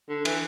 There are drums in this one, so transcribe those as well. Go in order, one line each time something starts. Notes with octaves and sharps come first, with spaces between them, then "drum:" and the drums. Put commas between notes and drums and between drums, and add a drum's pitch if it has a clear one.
D3
E3, drum: cymbal